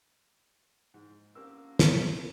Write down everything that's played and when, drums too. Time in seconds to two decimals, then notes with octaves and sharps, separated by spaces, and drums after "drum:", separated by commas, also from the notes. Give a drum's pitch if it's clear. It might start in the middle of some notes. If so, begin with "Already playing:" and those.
0.94 G#2
1.35 D3 F3 A#3 C4 C#4 G4 A#4 E6
1.79 drum: snare